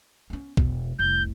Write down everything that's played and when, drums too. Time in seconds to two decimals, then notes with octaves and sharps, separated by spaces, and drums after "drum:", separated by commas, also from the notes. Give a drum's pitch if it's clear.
0.30 B3 C#4
0.57 E1 B2, drum: kick B1
0.99 F1 C2 G6